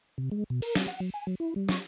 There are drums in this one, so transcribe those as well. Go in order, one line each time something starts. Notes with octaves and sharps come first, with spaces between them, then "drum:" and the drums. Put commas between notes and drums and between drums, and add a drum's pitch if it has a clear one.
C3
G#3
B2
A#4, drum: cymbal
F#3, drum: snare
F#5
F#3
G#5
F#3
E4
G3
C#6, drum: snare